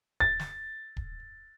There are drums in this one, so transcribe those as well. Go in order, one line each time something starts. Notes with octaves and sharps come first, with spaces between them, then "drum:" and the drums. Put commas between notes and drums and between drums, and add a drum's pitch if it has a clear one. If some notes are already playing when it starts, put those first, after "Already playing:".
A6, drum: kick D1
drum: snare
drum: kick D1